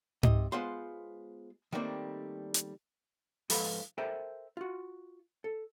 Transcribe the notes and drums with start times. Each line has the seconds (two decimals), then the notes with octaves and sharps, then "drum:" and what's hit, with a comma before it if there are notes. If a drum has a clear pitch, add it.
0.23 C3 D#5, drum: tom G#2
0.52 G#3 B3 F4 C5 C6
1.72 D#3 G3 A3 A#3 C4 D4
2.54 drum: hi-hat
3.50 G#2 F3 A4 B4 F5 B5, drum: open hi-hat
3.98 A4 A#4 C5 E5 G5
4.57 F4 F#4
5.44 A4